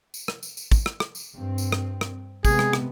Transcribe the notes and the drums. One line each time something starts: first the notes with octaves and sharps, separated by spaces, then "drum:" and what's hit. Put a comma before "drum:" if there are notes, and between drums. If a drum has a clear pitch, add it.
drum: tambourine
drum: rim click
drum: tambourine
drum: tambourine
drum: kick, tambourine
drum: rim click
drum: rim click
drum: tambourine
G2 C4
drum: tambourine
drum: rim click
drum: rim click
C3 G#3 B3 G#4, drum: kick, tambourine
drum: rim click
drum: rim click